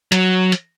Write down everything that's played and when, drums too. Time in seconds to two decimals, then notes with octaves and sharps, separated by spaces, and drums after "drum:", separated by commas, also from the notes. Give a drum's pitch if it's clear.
0.12 F#3, drum: hi-hat
0.52 drum: hi-hat